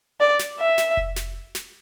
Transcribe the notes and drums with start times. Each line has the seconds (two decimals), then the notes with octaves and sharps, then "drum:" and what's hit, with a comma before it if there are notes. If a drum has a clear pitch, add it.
0.20 D5
0.39 drum: snare
0.59 E5
0.78 drum: snare
0.97 drum: kick F1
1.16 drum: snare
1.55 drum: snare